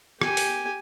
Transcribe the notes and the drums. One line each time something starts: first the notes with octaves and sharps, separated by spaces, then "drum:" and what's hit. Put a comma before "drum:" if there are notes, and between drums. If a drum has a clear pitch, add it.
G4 G#5, drum: rim click
drum: open hi-hat